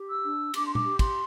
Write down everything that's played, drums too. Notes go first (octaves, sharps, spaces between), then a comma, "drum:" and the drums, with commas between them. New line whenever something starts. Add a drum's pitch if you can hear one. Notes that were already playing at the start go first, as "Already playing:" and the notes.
Already playing: G4
E6
D4
D4 D6, drum: cymbal
C6
D6, drum: tom A#2
G4
C6, drum: kick, cymbal